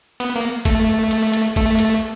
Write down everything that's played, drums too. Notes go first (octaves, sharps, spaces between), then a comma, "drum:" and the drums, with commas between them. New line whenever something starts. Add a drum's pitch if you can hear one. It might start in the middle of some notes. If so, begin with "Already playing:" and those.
B3, drum: cymbal
A#3
A3, drum: kick G#1, cymbal
drum: cymbal
drum: cymbal
A3, drum: kick G#1, cymbal
drum: cymbal